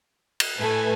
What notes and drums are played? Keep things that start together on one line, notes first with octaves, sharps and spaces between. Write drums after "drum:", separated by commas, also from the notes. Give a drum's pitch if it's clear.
drum: cymbal
A2 A3 B4 G#5